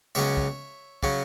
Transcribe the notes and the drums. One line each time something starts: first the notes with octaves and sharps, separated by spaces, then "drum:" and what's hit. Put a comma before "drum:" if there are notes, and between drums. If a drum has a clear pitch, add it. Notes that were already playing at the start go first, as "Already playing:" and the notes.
C#2 C#3 F#3 C#4 C#5 E5
drum: kick
C#3 F#3 C#4, drum: kick